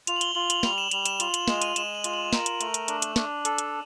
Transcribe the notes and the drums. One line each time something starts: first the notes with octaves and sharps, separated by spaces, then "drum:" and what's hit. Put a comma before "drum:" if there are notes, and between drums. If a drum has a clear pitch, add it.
F4 F7, drum: hi-hat
F#7
G7, drum: hi-hat
F4 F#7
F#7, drum: hi-hat
G3 F7, drum: snare
E7
G3 F7, drum: hi-hat
E7, drum: hi-hat
F4 F7, drum: hi-hat
F#7, drum: hi-hat
G#3 E7, drum: snare
D#7, drum: hi-hat
G#3 E7, drum: hi-hat
F#7
F4, drum: hi-hat
F#7
A#4, drum: snare
drum: hi-hat
A3, drum: hi-hat
drum: hi-hat
D4, drum: hi-hat
drum: hi-hat
D4, drum: snare
A4, drum: hi-hat
drum: hi-hat